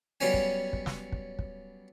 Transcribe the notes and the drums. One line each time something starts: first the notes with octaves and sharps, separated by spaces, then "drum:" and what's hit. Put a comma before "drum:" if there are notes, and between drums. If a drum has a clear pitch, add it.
F#3 G3 B3 C#4 G#5
drum: kick
drum: kick
drum: snare
drum: kick
drum: kick